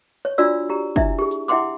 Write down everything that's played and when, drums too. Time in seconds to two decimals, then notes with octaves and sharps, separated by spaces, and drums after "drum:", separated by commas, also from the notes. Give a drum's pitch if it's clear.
0.25 C#5
0.38 D4 F4 F#4 D5 E6
0.69 G4 A#5
0.96 D4 E4 E5, drum: kick
1.19 G4 G#4
1.31 drum: hi-hat
1.48 E4 E5 F#5 G5 C6 D6, drum: hi-hat